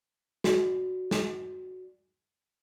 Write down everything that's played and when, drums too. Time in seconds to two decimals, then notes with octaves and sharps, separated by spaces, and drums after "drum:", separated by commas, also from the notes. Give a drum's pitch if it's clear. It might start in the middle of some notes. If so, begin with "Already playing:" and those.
0.44 F#4 D5, drum: snare
1.11 drum: snare